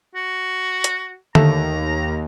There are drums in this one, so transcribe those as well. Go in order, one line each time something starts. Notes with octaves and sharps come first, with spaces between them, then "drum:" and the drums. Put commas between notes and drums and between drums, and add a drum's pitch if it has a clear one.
F#4
drum: hi-hat
D#2 A3 A#5, drum: tom D3